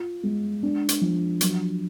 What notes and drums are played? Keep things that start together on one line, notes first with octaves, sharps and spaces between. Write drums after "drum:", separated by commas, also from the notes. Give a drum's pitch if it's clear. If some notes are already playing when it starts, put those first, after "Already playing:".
Already playing: F4
G#3
D4
drum: hi-hat
F3
F#3, drum: hi-hat